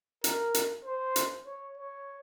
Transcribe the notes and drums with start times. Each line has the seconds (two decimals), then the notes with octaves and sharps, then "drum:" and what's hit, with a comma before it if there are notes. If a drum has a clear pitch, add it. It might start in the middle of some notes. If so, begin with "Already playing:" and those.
0.24 A#4, drum: hi-hat
0.54 drum: hi-hat
0.85 C5
1.16 drum: hi-hat
1.46 C#5
1.78 C#5